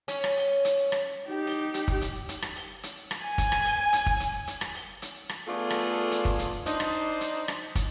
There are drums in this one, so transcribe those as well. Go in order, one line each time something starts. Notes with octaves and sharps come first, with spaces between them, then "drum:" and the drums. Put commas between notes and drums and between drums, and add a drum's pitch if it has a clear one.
C#4, drum: hi-hat
drum: rim click
drum: open hi-hat
drum: hi-hat
drum: rim click
D#4 G4
drum: open hi-hat
drum: hi-hat
drum: kick
drum: hi-hat
drum: hi-hat
drum: rim click
drum: open hi-hat
drum: hi-hat
drum: rim click
G#5
drum: kick, hi-hat
drum: rim click
drum: open hi-hat
drum: hi-hat
drum: kick
drum: hi-hat
drum: hi-hat
drum: rim click
drum: open hi-hat
drum: hi-hat
drum: rim click
A3 B3 D4 F4 G#4 A4
drum: rim click
drum: hi-hat
drum: kick
drum: hi-hat
D4 D#4 C5, drum: hi-hat
drum: rim click
drum: hi-hat
drum: rim click
drum: kick, hi-hat